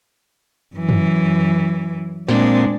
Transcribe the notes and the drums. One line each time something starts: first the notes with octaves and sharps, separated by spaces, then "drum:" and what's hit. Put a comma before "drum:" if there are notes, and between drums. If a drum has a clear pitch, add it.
F#2 E3
drum: tom
A#2 G#3 C4 D4, drum: snare